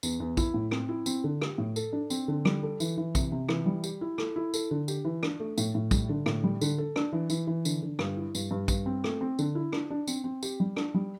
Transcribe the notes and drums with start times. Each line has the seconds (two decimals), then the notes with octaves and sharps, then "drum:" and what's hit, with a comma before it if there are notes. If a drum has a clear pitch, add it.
0.03 E2, drum: tambourine
0.20 E2
0.37 E4, drum: kick, tambourine
0.54 A2
0.71 C4, drum: rim click
0.89 E4
1.06 C4, drum: tambourine
1.24 D3
1.41 G4, drum: rim click
1.58 A2
1.76 A4, drum: tambourine
1.93 D4
2.10 C4, drum: tambourine
2.28 D3
2.45 G3, drum: rim click
2.63 A4
2.80 E3, drum: tambourine
2.97 E3
3.15 C3, drum: kick, tambourine
3.32 C3
3.49 E3, drum: rim click
3.66 G3
3.84 G4, drum: tambourine
4.01 E4
4.18 A4, drum: rim click
4.36 E4
4.54 A4, drum: tambourine
4.71 D3
4.88 G4, drum: tambourine
5.05 E3
5.23 D4, drum: rim click
5.40 A3
5.58 A2, drum: tambourine
5.75 A2
5.91 G3, drum: kick, tambourine
6.09 D3
6.26 A2, drum: rim click
6.44 G3
6.61 D3, drum: tambourine
6.78 A4
6.96 D4, drum: rim click
7.13 E3
7.30 E3, drum: tambourine
7.47 E3
7.65 D3, drum: tambourine
7.82 D3
7.99 G2, drum: rim click
8.17 E4
8.35 G2, drum: tambourine
8.51 G2
8.68 G2, drum: kick, tambourine
8.86 C4
9.04 A3, drum: rim click
9.21 C4
9.39 D3, drum: tambourine
9.55 E4
9.73 D4, drum: rim click
9.91 D4
10.08 C4, drum: tambourine
10.24 C4
10.43 G4, drum: tambourine
10.60 G3
10.76 D4, drum: rim click
10.94 G3